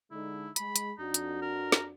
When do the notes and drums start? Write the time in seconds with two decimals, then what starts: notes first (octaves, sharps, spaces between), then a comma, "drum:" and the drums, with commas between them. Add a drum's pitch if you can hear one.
0.11 D3 G#3 D#4 E4
0.56 G#3 B5, drum: hi-hat
0.76 drum: hi-hat
0.99 F2 D4 D#4 F#4
1.14 drum: hi-hat
1.42 A#4
1.72 drum: snare